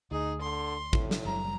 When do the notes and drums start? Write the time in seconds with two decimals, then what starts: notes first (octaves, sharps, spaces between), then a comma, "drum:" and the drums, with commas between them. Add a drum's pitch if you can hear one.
0.11 D2 D#4 G#4
0.41 D3 C6
0.93 A2, drum: kick
1.11 drum: snare
1.25 F#1 F#3 G3 A#5